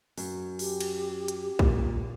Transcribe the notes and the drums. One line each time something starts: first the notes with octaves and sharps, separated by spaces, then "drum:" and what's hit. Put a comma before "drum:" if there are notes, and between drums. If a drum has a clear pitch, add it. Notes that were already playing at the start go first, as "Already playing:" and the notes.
F#2, drum: open hi-hat
G4, drum: open hi-hat
drum: cymbal
drum: hi-hat
A#2, drum: kick